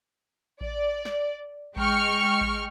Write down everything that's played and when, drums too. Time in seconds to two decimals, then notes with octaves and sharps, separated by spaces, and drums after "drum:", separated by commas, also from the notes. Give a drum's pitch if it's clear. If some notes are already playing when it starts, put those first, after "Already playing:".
0.61 D5, drum: kick A1
1.05 drum: snare
1.76 G#3 G5 C#6 F6, drum: kick A1
2.41 drum: kick A1